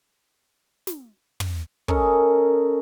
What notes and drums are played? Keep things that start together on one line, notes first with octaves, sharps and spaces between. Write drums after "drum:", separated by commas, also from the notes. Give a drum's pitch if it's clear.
drum: snare
drum: tom
C#4 A4 A#4 D#5, drum: kick